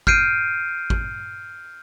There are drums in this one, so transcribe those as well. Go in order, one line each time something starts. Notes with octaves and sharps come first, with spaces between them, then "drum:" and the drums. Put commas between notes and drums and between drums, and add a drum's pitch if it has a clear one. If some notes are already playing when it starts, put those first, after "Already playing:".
F6 G6 C7 D7 D#7, drum: kick G#1
drum: kick G#1